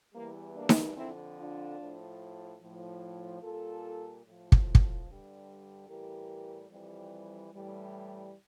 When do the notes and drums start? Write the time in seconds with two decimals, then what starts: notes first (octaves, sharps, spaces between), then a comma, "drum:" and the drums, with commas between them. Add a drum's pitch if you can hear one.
0.15 E2 E3 G3 A#3
0.56 A#3 D4
0.69 drum: snare D#4
0.97 F2 D3 F3 C4 E4
1.38 D4 F4
1.80 A2 F3
2.61 A2 F3
3.43 A#2 G3 F4 A4
4.25 A2 F3
4.52 drum: kick
4.75 drum: kick
5.07 G2 D3 G3
5.88 A2 E3 G3 G4 A#4
6.72 F2 E3 G3
7.53 A2 E3 G3